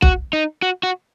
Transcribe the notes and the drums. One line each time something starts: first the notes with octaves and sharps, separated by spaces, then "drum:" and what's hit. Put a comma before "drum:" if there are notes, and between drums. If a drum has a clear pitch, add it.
F#4, drum: kick B1
D#4
F#4
F#4